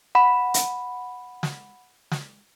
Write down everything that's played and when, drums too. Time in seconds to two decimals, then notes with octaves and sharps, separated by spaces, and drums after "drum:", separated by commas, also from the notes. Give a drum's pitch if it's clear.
0.15 F#5 B5
0.54 drum: hi-hat
1.43 drum: snare
2.11 drum: snare